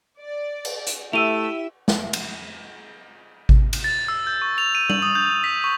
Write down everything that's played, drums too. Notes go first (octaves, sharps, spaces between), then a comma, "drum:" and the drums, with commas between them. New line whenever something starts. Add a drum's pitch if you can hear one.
D5
drum: cymbal
drum: hi-hat
A3 E4 G4 E5 E6 D#7 F7
drum: snare
drum: cymbal
drum: kick G#1
drum: cymbal
A6
E6
G6
C#6
F7
D#7
F#7, drum: tom G3
D#6
G6
B6
C#6